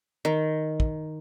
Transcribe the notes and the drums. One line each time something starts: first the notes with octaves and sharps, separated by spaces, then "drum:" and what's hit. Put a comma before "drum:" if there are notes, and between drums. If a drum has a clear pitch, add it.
D#3
drum: kick